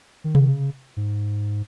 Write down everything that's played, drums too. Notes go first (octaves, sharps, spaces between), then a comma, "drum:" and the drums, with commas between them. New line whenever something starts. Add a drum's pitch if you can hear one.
D#3
drum: tom C3
C#3
G#2